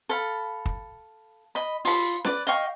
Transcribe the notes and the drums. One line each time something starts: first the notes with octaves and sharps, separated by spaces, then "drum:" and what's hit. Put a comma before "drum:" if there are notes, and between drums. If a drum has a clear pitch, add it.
A4 F5 B5
drum: kick
D#5 B5
F4 B5, drum: open hi-hat
B4 D5 D6, drum: snare C#4
D#5 F5 G5 C#6